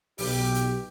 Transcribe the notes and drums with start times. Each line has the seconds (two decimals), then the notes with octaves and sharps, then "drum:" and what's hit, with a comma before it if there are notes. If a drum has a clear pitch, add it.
0.18 B1 G4, drum: open hi-hat
0.54 drum: hi-hat